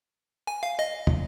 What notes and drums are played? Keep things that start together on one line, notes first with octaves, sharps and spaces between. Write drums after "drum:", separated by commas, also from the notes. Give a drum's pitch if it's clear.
G#5
F5
D#5
drum: tom